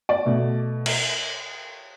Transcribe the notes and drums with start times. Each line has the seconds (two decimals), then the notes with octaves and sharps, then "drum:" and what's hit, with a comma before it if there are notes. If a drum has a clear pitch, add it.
0.09 D5
0.26 B2 A3
0.86 drum: cymbal